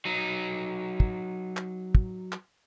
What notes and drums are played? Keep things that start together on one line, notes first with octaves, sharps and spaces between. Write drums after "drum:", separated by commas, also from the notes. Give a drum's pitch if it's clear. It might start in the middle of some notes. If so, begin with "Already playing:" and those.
F#3 D#4
drum: kick
drum: clap
drum: kick
drum: clap